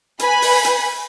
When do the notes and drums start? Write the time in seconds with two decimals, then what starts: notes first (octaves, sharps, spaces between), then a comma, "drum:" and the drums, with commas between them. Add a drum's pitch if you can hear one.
0.19 B4 G#5 B5, drum: hi-hat
0.42 drum: open hi-hat
0.64 drum: hi-hat